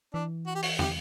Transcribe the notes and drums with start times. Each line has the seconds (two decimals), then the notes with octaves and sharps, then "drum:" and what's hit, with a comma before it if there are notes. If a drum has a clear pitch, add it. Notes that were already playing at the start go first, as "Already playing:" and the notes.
0.14 E3 D4
0.47 F#4
0.55 G4
0.62 F#4, drum: open hi-hat
0.79 G4, drum: tom